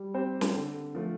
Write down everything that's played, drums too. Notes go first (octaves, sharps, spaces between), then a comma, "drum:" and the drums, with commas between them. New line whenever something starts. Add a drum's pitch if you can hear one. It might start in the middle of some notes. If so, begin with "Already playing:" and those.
Already playing: G3
C4 G4 C5
drum: snare
D3
F3 A3